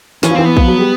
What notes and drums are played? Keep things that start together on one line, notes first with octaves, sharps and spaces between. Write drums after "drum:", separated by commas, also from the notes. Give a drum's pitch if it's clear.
E3 C#4, drum: snare
F3
E3 C4
B3
F3, drum: kick A#1
F#3
G3